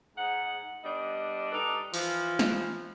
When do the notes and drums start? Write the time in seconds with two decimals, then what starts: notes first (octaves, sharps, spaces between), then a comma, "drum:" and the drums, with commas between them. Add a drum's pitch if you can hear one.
0.17 G#2 D#4 F#5
0.84 G3 B3 D4 D#5
1.52 G3 D4 D#4 A4 B4 D5
1.94 E3 F3, drum: open hi-hat
2.39 drum: snare